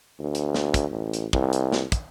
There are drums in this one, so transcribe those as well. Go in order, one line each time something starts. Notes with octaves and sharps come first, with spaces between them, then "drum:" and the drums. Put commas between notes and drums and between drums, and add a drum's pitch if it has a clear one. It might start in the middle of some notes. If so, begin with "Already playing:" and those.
D2
drum: hi-hat
drum: snare
drum: kick, hi-hat
A1
drum: hi-hat
C2, drum: kick
drum: hi-hat
drum: snare
drum: kick, hi-hat